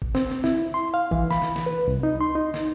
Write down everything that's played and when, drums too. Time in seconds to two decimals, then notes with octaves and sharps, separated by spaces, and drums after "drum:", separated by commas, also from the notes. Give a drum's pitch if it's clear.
0.02 drum: kick
0.15 C4, drum: snare
0.30 drum: snare
0.44 E4, drum: snare
0.74 C6
0.94 F5
1.11 E3, drum: kick
1.31 B5, drum: snare
1.42 drum: snare
1.56 drum: snare
1.66 B4
1.88 C2
2.03 D#4
2.21 C6
2.35 D#4
2.54 drum: snare